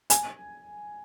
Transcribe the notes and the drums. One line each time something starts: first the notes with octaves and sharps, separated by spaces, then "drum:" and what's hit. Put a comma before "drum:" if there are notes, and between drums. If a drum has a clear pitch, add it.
G#5, drum: hi-hat